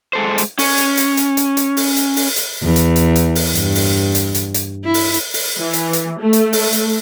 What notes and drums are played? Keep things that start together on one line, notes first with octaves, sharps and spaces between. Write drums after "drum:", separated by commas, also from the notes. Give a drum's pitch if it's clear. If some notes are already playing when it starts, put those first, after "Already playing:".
G#3 A4 C5
drum: hi-hat
C#4, drum: open hi-hat
drum: hi-hat
drum: hi-hat
drum: hi-hat
drum: hi-hat
drum: hi-hat
drum: open hi-hat
drum: hi-hat
drum: open hi-hat
drum: hi-hat
E2
drum: hi-hat
drum: hi-hat
drum: hi-hat
drum: open hi-hat
G2, drum: hi-hat
drum: open hi-hat
drum: hi-hat
drum: hi-hat
drum: hi-hat
E4
drum: open hi-hat
drum: hi-hat
drum: open hi-hat
E3
drum: hi-hat
drum: hi-hat
A3
drum: hi-hat
drum: open hi-hat
drum: hi-hat